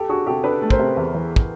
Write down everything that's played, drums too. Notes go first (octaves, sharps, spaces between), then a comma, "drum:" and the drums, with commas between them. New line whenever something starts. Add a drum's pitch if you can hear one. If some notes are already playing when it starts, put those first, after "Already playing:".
Already playing: G4 A4
D4 F#4 G#4
C3 G4 A4
D4 A4 B4
A3
A#4 C5, drum: kick
C3
E2
E3
drum: kick